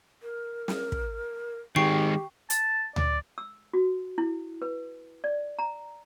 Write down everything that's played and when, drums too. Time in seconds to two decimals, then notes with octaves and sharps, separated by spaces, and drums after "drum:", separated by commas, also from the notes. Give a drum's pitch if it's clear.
0.23 A#4
0.68 drum: snare
0.92 drum: kick
1.76 D#3 G#3 G4 G5 C#6 C7
2.50 A5, drum: hi-hat
2.96 D5, drum: tom D2
3.38 E6
3.74 F#4
4.18 E4
4.62 B4
5.24 D5
5.59 A#5